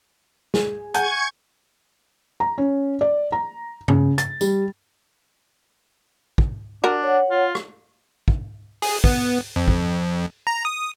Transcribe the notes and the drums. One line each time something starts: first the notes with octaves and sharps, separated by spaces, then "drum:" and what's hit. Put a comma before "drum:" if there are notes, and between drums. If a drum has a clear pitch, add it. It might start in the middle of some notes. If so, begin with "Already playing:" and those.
G#4, drum: snare
F#5 G#5 C#6 G6 G#6, drum: hi-hat
A#5
C#4
D5
A#5
C#3, drum: tom G2
A6, drum: hi-hat
G3, drum: tambourine
drum: kick
D4 F#4 A#4
C#5 F#5
F4
drum: rim click
drum: kick
G#4, drum: open hi-hat
B3, drum: kick
F2
drum: kick
A#5
D#6